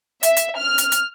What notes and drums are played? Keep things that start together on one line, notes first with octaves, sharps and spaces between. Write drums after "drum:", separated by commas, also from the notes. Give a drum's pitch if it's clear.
E5, drum: hi-hat
drum: hi-hat
F6
drum: hi-hat
drum: hi-hat